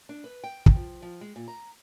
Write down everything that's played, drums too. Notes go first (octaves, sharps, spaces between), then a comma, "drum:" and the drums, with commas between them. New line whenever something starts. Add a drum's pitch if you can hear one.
D4
B4
G5
drum: kick
F3
F3
G#3
A#2
A#5